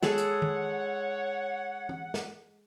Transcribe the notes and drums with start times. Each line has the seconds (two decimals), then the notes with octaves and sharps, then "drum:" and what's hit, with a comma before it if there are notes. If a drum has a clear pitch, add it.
0.03 G#3 G#4 A4 C#5 F#5, drum: snare
0.18 drum: hi-hat
0.42 drum: tom D#3
1.89 drum: tom
2.14 drum: snare